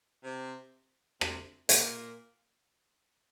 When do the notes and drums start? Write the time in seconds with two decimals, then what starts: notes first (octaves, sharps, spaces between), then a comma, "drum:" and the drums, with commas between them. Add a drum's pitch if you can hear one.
0.24 C3 C4
1.21 C3 C4, drum: rim click
1.69 A#2 A#3, drum: hi-hat